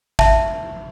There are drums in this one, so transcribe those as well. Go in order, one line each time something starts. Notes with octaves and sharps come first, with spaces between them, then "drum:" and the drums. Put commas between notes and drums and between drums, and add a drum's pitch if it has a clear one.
E5 F#5 A5, drum: kick